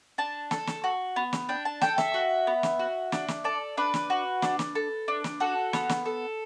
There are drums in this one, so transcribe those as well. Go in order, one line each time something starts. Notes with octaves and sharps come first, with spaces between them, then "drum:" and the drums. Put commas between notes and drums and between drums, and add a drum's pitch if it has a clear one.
D4 A5
A4, drum: snare
drum: snare
F#4
B3
drum: snare
D4 G5
A5
A4 G5, drum: snare
E5, drum: snare
F#4
B3
drum: snare
F#4
D4, drum: snare
drum: snare
A4 D5
D4 B4
drum: snare
F#4
D4, drum: snare
drum: snare
A4
D4
drum: snare
F#4 A4
B3, drum: snare
drum: snare
A4